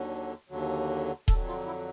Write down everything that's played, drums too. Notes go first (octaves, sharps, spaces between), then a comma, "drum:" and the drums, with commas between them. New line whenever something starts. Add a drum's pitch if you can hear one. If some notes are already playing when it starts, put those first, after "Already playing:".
Already playing: D#2 D3 F#3
D#2 D3 F#3
F2 D3 F#3 A4, drum: kick D#1
F4
E4